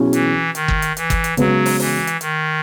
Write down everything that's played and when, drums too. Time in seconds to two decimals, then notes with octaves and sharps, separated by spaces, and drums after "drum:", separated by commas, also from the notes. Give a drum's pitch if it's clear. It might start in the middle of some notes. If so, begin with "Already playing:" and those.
Already playing: B2 F#3 C#4 E4 G#4
0.13 E3, drum: hi-hat
0.55 D#3, drum: hi-hat
0.68 drum: kick
0.82 drum: hi-hat
0.97 E3, drum: hi-hat
1.10 drum: kick, hi-hat
1.24 drum: hi-hat
1.37 C#3 F#3 G#3 B3 F#4 B4, drum: hi-hat
1.66 drum: open hi-hat
1.79 E3, drum: open hi-hat
2.07 drum: hi-hat
2.21 D#3, drum: hi-hat